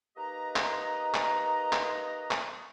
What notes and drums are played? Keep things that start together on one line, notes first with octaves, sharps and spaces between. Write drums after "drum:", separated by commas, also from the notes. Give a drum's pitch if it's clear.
A#3 D#4 G4 B4 D#5 A#5
drum: clap
drum: clap
drum: clap
drum: clap